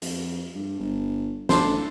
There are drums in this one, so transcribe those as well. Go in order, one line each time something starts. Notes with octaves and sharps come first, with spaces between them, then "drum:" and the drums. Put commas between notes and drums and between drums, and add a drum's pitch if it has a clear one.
F2, drum: hi-hat
G2
G1
A1 D4 A4 C5, drum: snare